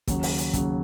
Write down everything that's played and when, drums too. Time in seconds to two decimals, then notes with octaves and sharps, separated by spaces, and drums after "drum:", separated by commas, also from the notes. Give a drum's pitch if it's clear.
0.07 D#2 C#3 F#3, drum: kick, hi-hat
0.23 drum: open hi-hat
0.38 drum: hi-hat
0.53 D#2 C#3 F#3, drum: kick, hi-hat